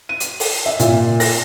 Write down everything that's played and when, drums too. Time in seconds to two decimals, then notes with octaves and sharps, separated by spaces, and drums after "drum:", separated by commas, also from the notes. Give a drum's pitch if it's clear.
0.09 D#7
0.20 drum: hi-hat
0.40 drum: open hi-hat
0.66 E5
0.79 A#2, drum: hi-hat
1.20 A#6, drum: open hi-hat